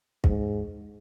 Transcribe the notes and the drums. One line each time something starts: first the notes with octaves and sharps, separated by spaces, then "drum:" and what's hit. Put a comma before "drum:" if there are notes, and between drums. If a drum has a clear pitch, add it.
G#2, drum: kick